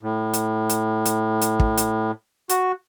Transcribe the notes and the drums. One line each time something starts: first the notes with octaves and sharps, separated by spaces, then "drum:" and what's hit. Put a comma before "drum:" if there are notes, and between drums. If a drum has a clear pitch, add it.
A2
drum: hi-hat
drum: hi-hat
drum: hi-hat
drum: hi-hat
drum: kick
drum: hi-hat
F#4, drum: hi-hat